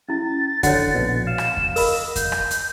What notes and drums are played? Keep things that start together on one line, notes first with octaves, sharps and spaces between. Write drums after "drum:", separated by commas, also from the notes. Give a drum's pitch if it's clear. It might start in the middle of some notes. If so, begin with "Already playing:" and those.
C#4 E4 A6
D3 F#4 C#5 F#5, drum: kick F2, hi-hat
A#1 B2
F5 E7
drum: rim click
drum: kick F2
A#4 D#5 B5, drum: open hi-hat
G6, drum: kick F2, hi-hat
drum: rim click
drum: hi-hat